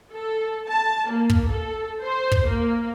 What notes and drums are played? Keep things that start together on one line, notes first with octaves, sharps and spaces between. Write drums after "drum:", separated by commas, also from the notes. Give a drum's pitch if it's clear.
A4
A5
A#3
drum: kick
A4
C5
drum: kick
A#3